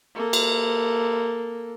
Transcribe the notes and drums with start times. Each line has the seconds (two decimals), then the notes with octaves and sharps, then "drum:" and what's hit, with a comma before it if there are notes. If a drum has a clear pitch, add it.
0.15 A#3 A4
0.33 drum: cymbal